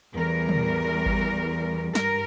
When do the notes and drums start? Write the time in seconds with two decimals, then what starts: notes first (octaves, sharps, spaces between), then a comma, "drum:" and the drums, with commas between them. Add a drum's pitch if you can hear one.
0.15 E2 E3 G3 A#4
0.49 drum: tom
1.06 drum: kick G#1
1.95 G2 A#4, drum: snare